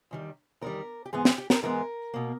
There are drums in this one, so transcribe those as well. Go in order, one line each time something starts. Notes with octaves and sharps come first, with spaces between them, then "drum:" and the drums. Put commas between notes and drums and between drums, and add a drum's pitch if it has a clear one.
E2 D#3 G3
E2 D#3 G3 A#4
G4
G#2 E3 G#3 B3 G#4
G4, drum: snare
G4
A#4, drum: snare
G#2 E3 G#3 B3 A#4
B2 A#3